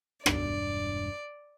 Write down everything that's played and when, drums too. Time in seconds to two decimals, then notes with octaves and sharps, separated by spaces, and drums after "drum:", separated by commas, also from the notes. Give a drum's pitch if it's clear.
0.26 E1 G2 D4 D5, drum: rim click